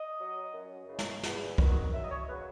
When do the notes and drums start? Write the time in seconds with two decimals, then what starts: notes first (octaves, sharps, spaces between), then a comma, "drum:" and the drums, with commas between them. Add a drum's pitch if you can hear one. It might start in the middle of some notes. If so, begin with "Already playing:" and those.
Already playing: D#5
0.19 F#3
0.54 F#2
0.89 C#3 E3
0.99 drum: snare
1.23 E2, drum: snare
1.58 D#3, drum: kick
1.63 F#3
1.93 F#2 E5
2.04 D#5
2.11 C#5
2.28 C#3 F#3 B4